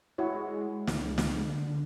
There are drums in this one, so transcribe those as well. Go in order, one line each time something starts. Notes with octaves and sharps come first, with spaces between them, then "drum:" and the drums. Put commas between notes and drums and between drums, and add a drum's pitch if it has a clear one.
G#3 E4 F#4 C#5
C#2, drum: snare
drum: snare
D3